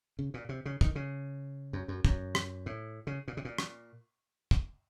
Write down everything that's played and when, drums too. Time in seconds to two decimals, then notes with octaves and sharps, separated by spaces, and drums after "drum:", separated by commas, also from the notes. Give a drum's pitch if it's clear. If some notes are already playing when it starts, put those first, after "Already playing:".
0.19 C#3
0.34 A#2
0.49 C3
0.66 C#3
0.81 D#3, drum: kick
0.95 C#3
1.73 F#2
1.88 F#2
2.05 F#2, drum: kick
2.35 drum: rim click
2.66 A2
3.07 C#3
3.28 A#2
3.37 C3
3.45 A#2
3.58 drum: rim click
4.51 drum: kick